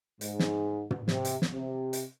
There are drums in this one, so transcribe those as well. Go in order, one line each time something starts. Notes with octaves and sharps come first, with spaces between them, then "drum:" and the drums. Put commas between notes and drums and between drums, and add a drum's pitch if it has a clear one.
G#2, drum: hi-hat
drum: snare
drum: tom
C3, drum: snare
drum: hi-hat
drum: snare
C3
drum: hi-hat